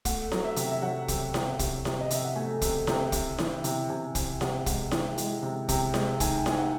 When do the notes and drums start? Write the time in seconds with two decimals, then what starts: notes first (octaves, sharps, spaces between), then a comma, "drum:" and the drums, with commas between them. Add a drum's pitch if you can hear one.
0.05 A3 F#5, drum: kick, hi-hat
0.32 F#3, drum: snare E4
0.44 E5
0.56 C3, drum: hi-hat
0.71 E5
0.82 F#3 F#5
1.08 C3, drum: kick, hi-hat
1.34 C3, drum: snare E4
1.59 C3, drum: kick, hi-hat
1.85 C3, drum: snare E4
2.01 D#5
2.10 C3 E5, drum: hi-hat
2.24 F#5
2.36 A3 G#5
2.61 C3, drum: kick, hi-hat
2.87 C3, drum: snare E4
3.12 C3, drum: kick, hi-hat
3.38 E3, drum: snare E4
3.64 C3, drum: hi-hat
3.89 C3 G#5
4.15 C3 G#5, drum: kick, hi-hat
4.41 C3 F#5, drum: snare E4
4.66 G#3 F#5, drum: kick, hi-hat
4.91 E3, drum: snare E4
5.18 G#3, drum: hi-hat
5.43 C3
5.69 C3, drum: kick, hi-hat
5.94 G#3, drum: snare E4
6.20 D#3 G#5, drum: kick, hi-hat
6.46 D#3, drum: snare E4
6.51 G#5
6.58 F#5